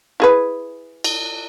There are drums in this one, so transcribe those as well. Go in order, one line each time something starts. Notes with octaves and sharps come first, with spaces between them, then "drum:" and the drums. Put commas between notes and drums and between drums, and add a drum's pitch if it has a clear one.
E4 G#4 B4
drum: cymbal